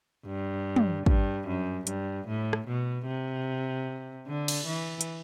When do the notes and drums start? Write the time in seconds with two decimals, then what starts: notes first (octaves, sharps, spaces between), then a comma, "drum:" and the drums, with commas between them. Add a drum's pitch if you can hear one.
0.26 G2
0.76 drum: tom
1.06 G2, drum: kick
1.47 F#2
1.87 G2, drum: hi-hat
2.27 A2
2.53 drum: rim click
2.67 B2
3.07 C3
4.27 D3
4.48 drum: cymbal
4.66 E3
5.01 drum: hi-hat